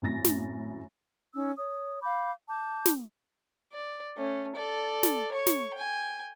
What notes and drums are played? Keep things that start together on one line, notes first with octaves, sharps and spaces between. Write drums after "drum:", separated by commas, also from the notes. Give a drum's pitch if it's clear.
G#1 F#2 A2 A6 A#6
drum: snare
C#4 D#4 E6
C#5 D#6
F5 B5 D6 G6
A5 D6 G6
drum: snare
D5
A3 C#4
A4 D5
drum: snare
C#5 C#6
drum: snare
G5 G#5